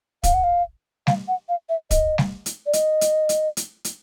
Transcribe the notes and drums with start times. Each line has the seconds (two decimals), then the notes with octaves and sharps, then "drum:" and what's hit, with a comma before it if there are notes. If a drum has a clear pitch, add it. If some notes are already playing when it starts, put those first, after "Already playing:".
0.24 F5, drum: kick, hi-hat
0.34 F#5
0.43 F5
1.07 F5, drum: snare
1.28 F#5
1.49 F5
1.69 E5
1.91 D#5, drum: kick, hi-hat
2.18 drum: snare
2.46 drum: hi-hat
2.66 D5
2.73 D#5, drum: hi-hat
3.01 drum: hi-hat
3.29 drum: hi-hat
3.57 drum: hi-hat
3.84 drum: hi-hat